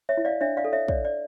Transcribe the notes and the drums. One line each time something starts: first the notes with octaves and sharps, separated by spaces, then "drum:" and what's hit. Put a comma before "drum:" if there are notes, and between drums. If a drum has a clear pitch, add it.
C#5 E5
E4
D5 F5
D4 C#5 E5
D5 F5
A4
C#5 E5
C#5 D5, drum: kick
D5